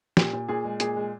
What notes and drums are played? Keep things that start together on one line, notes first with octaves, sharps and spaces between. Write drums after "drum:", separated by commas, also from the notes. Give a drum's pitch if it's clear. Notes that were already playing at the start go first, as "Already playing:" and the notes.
A#2 G4, drum: snare
A#2
A#2 G#4
G#3
A#2 G#4, drum: hi-hat
G#3